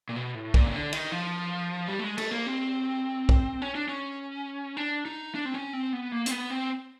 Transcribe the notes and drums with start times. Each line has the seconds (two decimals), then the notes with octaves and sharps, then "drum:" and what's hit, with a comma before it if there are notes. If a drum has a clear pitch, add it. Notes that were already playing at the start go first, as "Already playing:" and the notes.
0.09 A#2
0.16 B2
0.34 A2
0.54 A#2, drum: kick B1
0.66 C#3
0.74 D3
0.93 D#3, drum: cymbal
1.12 F3
1.88 G3
1.99 A3
2.04 G#3
2.18 A3, drum: cymbal
2.32 A#3
2.47 C4
3.29 drum: kick B1
3.62 C#4
3.75 D4
3.88 C#4
4.77 D4
5.05 D#4
5.35 D4
5.45 C4
5.54 C#4
5.73 C4
5.93 B3
6.12 A#3
6.26 C4, drum: hi-hat
6.31 B3
6.50 C4